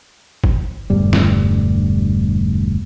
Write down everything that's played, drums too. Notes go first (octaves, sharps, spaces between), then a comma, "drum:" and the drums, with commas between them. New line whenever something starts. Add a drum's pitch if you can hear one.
drum: kick G#1
E1 D2 G2 G3
drum: snare